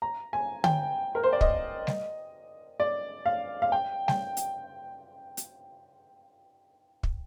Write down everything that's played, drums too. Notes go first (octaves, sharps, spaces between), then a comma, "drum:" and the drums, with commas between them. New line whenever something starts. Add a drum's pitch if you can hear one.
A#5
G#5
G5, drum: tom
A#4
C5
D5
D#5, drum: kick
drum: snare G3
D5
F5
F5
G5
G5, drum: snare G3
drum: hi-hat
drum: hi-hat
drum: kick